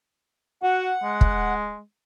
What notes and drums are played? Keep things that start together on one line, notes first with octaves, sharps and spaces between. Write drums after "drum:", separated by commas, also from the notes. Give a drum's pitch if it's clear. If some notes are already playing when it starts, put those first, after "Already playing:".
F#4 F#5
G#3
drum: kick